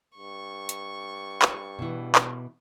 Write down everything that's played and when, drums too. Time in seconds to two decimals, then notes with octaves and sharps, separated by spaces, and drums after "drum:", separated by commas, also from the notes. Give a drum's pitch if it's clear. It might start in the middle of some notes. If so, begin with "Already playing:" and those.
0.18 G2 C#6
0.69 drum: hi-hat
1.42 drum: clap
1.79 B2 E3
2.15 drum: clap